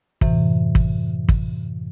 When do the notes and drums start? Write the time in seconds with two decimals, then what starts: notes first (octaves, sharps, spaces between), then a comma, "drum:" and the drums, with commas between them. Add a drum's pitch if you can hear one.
0.21 F#2 A2 C3 E3, drum: kick
0.75 drum: kick
1.29 drum: kick